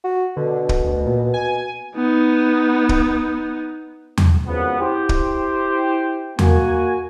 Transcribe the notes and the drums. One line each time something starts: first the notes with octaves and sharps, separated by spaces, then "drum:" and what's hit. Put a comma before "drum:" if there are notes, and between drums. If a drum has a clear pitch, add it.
F#4
B2 D3
drum: kick
D2
A#2
G#5
B3 D#4
drum: kick
drum: tom E2
G#1 F#2 C#3 F3 B3
E4 G4 C5
drum: kick
A#3 F#4 G#5, drum: tom E2